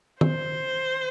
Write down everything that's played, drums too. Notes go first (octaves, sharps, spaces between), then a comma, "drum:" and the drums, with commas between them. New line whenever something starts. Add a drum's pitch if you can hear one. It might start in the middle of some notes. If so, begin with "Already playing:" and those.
C5, drum: tom D#3